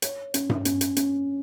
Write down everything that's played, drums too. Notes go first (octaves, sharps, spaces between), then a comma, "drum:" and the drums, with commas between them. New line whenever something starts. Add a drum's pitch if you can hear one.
C#5, drum: hi-hat
C#4, drum: hi-hat
drum: tom G2
C#4, drum: hi-hat
drum: hi-hat
C#4, drum: hi-hat